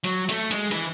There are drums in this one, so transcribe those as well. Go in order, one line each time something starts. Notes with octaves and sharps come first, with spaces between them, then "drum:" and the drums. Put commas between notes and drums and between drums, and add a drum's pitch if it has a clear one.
F#3, drum: hi-hat
A3, drum: hi-hat
G#3, drum: hi-hat
E3, drum: hi-hat